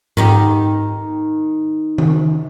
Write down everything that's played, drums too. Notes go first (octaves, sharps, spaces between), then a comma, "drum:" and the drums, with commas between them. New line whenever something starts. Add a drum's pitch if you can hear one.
D#3 D#4 G4, drum: tom G#2
drum: tom D#3